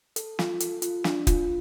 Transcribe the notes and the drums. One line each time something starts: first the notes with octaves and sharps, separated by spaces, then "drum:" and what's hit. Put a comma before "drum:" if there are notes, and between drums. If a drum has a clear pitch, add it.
A4, drum: hi-hat
F4, drum: snare
A4, drum: hi-hat
F4, drum: hi-hat
D4, drum: snare
F4, drum: kick, hi-hat